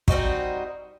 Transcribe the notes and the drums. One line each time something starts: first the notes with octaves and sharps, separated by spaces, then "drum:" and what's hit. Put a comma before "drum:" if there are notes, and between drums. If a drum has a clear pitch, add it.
G3 C4 D#4 F#4, drum: kick